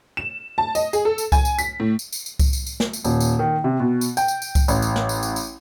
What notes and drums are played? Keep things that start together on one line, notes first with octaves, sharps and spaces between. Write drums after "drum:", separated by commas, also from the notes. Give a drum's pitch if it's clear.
E7
A5
D#5, drum: tambourine
G#4, drum: tambourine
A4
drum: tambourine
G#5, drum: kick C2, tambourine
drum: tambourine
B6, drum: tambourine
A2
drum: tambourine
drum: tambourine
drum: tambourine
drum: kick C2, tambourine
drum: tambourine
drum: tambourine
drum: snare
drum: tambourine
D#1, drum: tambourine
drum: tambourine
D#3
C3
B2
drum: tambourine
G5, drum: tambourine
drum: tambourine
drum: tambourine
drum: kick C2, tambourine
A1, drum: tambourine
drum: tambourine
drum: snare
drum: tambourine
drum: tambourine
drum: tambourine